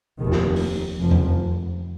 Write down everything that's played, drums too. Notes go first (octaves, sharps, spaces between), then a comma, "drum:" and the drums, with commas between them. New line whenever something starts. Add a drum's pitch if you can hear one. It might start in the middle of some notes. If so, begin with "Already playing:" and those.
F1 D#2 D#3
drum: snare
drum: open hi-hat
F1 F2 F3
drum: tom E2